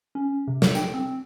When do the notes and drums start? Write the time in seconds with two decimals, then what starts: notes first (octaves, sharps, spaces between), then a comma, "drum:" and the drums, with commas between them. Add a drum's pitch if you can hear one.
0.15 C#4
0.48 C3
0.62 drum: snare
0.75 G5, drum: tambourine
0.94 C4